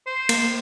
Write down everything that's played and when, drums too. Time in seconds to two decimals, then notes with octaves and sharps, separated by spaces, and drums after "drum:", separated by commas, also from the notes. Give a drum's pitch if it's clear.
0.07 C5
0.29 A#3, drum: cymbal